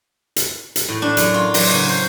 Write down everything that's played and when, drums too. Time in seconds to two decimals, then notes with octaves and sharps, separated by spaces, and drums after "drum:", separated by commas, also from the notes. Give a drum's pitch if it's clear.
0.36 drum: hi-hat
0.76 drum: hi-hat
0.89 A2
1.02 D4
1.17 F#2, drum: hi-hat
1.34 F4
1.54 F#3, drum: open hi-hat
1.71 C#3
1.89 C5